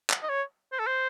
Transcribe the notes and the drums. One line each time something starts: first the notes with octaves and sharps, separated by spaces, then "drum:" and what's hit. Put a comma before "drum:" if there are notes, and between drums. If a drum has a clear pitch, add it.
drum: clap
D#5
C#5
C5
A4
C5